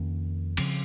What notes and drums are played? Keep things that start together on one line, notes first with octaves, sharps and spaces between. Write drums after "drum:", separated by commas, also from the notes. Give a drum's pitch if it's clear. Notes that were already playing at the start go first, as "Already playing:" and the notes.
Already playing: F2 D#3 A#3 C#4
C#3 F3 C4, drum: cymbal